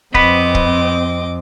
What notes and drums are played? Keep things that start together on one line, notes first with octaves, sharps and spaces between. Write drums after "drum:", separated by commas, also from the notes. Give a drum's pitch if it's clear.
F2 B3 C4 D#5 B5 D6, drum: kick
drum: kick